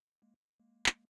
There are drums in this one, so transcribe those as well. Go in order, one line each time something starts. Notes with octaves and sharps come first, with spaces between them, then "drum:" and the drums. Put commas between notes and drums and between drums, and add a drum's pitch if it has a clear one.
G#3 A#3
G#3 A#3
drum: clap